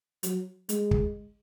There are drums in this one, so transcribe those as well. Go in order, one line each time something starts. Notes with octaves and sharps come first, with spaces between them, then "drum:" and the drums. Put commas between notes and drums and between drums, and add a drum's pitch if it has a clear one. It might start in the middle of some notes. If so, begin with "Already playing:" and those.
F#3, drum: hi-hat
G#3, drum: hi-hat
drum: kick